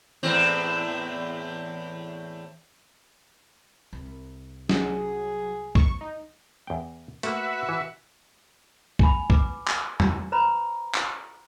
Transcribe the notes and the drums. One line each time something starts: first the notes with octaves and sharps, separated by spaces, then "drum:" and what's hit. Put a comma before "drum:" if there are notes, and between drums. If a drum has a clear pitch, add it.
E2 A2 C4
C2
F#3 G#4, drum: snare
C#6, drum: kick B1
D#4
E2 G5
A3 A#3 F#4 B4 E5, drum: hi-hat
E3
G#5 B5, drum: kick B1
B4 D6, drum: kick B1
drum: clap
drum: tom E2
B4 C5 A#5 B5
drum: clap